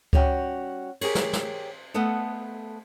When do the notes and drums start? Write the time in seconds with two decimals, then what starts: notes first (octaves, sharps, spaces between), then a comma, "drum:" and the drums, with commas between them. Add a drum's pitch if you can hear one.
0.13 G3 C#4 F#4 G5, drum: kick C#2
1.01 G4 G#4 A#4 C#5, drum: cymbal
1.15 drum: snare
1.33 drum: snare
1.94 A3 B3 A4 D#5 F#5